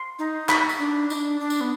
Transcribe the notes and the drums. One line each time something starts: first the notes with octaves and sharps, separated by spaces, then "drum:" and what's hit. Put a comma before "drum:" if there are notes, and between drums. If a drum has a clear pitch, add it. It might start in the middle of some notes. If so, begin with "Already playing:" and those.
Already playing: C6
D#4
B5, drum: clap
drum: tambourine
D4
D#4, drum: tambourine
D4
D4
drum: tambourine
B3